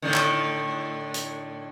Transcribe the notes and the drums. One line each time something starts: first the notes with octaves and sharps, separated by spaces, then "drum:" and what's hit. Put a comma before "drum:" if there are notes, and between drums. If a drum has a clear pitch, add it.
A2 D3 D#3
drum: clap
drum: hi-hat